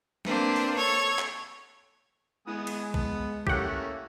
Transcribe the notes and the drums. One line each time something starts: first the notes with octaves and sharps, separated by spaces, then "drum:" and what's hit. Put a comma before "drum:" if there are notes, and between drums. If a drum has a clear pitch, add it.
A#3 C4 D4 B4 C5, drum: snare
drum: open hi-hat
A4 C#5 C#6 G#6
drum: clap
G#3 B3 E4 G#5 D#6
drum: cymbal
B3 A5, drum: kick
A3 A#3 C#4 E4 G4 C#5 F#5 E6, drum: kick